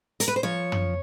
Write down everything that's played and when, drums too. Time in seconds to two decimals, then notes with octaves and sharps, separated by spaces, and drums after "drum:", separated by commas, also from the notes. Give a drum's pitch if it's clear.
0.20 A#4, drum: hi-hat
0.28 B4
0.36 C5
0.43 F3 C#5
0.72 drum: tom